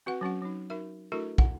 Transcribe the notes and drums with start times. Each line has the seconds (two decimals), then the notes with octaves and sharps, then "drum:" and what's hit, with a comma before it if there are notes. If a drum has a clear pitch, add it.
0.06 C4 F#4 B4 F#5
0.21 F#3 C#4 F#4 F#5
0.42 F#3 D#4
0.70 D#4 F#4 A#4 E5
1.12 A3 D4 E4 F#4 A4 A#4
1.38 F#5, drum: kick